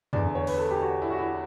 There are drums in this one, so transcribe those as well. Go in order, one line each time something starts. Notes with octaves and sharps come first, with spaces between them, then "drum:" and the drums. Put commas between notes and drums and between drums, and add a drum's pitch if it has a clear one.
E2 D3 D5, drum: tom
C#5
B4, drum: open hi-hat
A4
G4
F#4
E4
F#4
E4